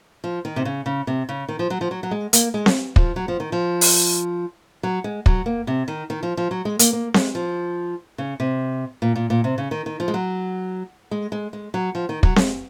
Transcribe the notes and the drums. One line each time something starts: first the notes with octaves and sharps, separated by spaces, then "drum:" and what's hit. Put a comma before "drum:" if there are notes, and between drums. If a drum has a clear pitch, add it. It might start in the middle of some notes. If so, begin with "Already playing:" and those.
F3
D#3
C3
C#3
C#3
C3
C#3
D#3
F3
F#3
F3
F#3
F#3
G#3
A#3, drum: hi-hat
G#3
drum: snare C4
F3, drum: kick
F#3
F3
D#3
F3
drum: open hi-hat
F#3
G#3
F#3, drum: kick
A#3
C3
D#3
D#3
F3
F3
F#3
G#3
A#3, drum: hi-hat
A#3
G#3, drum: snare C4
F3
C#3
C3
A#2
A#2
A#2
C3
C#3
D#3
D#3
F3
G#3
F#3
G#3
G#3
G#3
F#3
F3
D#3
F#3, drum: kick
G#3, drum: snare C4